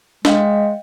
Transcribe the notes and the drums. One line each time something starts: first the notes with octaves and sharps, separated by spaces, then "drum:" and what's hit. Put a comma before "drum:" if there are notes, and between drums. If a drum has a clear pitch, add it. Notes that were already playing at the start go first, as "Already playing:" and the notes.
G#3 D#5 F5 G5, drum: snare